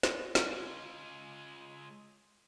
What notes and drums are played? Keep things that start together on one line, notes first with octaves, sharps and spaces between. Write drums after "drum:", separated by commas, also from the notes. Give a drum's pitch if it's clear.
drum: snare
G#3 F4, drum: snare